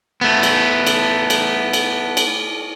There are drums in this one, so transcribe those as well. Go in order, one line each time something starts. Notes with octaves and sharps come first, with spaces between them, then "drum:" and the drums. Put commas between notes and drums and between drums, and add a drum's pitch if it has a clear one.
A3 B3
drum: cymbal
drum: cymbal
drum: cymbal
drum: cymbal
drum: cymbal